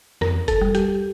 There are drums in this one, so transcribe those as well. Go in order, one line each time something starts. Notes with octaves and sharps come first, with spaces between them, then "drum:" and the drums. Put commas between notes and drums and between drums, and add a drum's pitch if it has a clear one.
F2 A#4, drum: snare
A4, drum: kick F1, hi-hat
G3
G4, drum: hi-hat